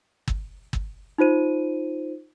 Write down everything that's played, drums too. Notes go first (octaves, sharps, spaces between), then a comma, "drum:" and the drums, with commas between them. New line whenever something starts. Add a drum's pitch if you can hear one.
drum: kick
drum: kick
D#4 F4 C5 D#7